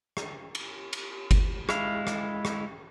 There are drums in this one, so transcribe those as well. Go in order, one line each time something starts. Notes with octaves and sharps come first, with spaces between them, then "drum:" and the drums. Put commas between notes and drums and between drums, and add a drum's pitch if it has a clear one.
drum: rim click
drum: cymbal
drum: cymbal
drum: kick G1, cymbal
G#3 E4 F5, drum: rim click
drum: rim click
drum: rim click